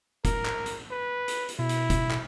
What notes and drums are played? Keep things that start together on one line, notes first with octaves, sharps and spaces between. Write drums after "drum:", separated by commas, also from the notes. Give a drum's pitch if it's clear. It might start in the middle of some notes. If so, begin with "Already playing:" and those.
A#4, drum: kick F1, hi-hat
drum: clap
drum: hi-hat
B4
drum: hi-hat
drum: hi-hat
B2 E4
drum: hi-hat
drum: kick F1, hi-hat
drum: clap